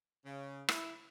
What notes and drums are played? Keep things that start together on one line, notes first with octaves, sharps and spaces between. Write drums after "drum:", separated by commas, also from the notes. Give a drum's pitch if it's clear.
C#3
E4, drum: rim click